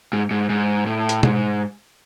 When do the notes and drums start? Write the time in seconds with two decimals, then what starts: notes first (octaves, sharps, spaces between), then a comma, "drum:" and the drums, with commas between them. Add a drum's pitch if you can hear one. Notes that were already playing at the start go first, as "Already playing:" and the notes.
0.13 G#2
0.31 G#2
0.50 G#2
0.86 A2
1.09 drum: hi-hat
1.23 G#2, drum: tom B2